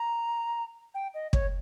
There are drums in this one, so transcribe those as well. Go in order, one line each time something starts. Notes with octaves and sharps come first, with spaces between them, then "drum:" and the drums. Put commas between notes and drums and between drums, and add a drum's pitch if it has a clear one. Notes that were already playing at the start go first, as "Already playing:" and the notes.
Already playing: A#5
G5
D#5
C#5, drum: kick